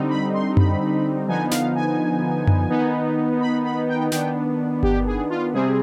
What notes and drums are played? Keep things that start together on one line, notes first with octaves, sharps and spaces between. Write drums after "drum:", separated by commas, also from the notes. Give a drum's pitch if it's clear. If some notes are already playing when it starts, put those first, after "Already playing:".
Already playing: D3 G3 C4 D#4
B5
C6
B5, drum: tom F#2
D3 F3 B3 D#4 G#5
F5, drum: snare
G#5
drum: tom F#2
D#3 B3 D#4
B5
B5
G5
D#3 B3 D4 G5, drum: snare
G4, drum: kick G1
G#4
F4
C3 G3 C4 G#4